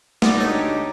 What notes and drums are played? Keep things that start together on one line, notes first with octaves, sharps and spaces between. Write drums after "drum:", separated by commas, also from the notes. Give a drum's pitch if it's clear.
B2 G#3 D#4 D5, drum: snare
D2 G4 A4 C#5